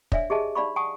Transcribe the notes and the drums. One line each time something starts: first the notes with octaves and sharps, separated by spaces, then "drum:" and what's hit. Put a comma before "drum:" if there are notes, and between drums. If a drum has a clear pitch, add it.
D4 C#5 D5 E5 F5 G#5, drum: kick
G4 G#4 D#5 E5 G#5 A5
D#4 D5 F5 B5 C#6
F#5 G#5 A5 C#6 D#6